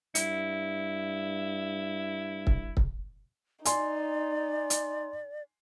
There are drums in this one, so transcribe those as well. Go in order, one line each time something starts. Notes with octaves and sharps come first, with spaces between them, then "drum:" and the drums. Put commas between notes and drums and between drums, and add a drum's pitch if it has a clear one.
G2 E4, drum: hi-hat
drum: kick
drum: kick
D#4 D5 G#5 C6, drum: hi-hat
drum: hi-hat